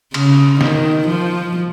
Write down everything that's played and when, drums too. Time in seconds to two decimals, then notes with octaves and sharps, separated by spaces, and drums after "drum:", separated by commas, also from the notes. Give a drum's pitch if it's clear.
0.14 C#3, drum: cymbal
0.61 D#3, drum: snare
1.08 F3